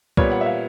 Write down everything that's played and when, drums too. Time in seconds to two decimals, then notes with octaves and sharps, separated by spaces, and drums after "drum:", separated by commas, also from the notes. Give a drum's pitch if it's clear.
0.17 A#2 G3 B3 C#5, drum: kick C2
0.32 F#5
0.41 E5
0.46 F5